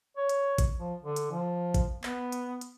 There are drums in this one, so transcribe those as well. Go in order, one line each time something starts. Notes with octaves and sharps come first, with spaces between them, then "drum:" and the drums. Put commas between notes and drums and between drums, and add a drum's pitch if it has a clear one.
C#5
drum: hi-hat
drum: kick A1, hi-hat
F3
D3
drum: hi-hat
F3
drum: kick A1, hi-hat
B3, drum: clap
drum: hi-hat
drum: hi-hat